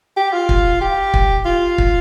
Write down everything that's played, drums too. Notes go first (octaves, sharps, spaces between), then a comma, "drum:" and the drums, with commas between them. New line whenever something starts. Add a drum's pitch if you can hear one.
G4
F4
drum: kick
G4
drum: kick
F4
drum: kick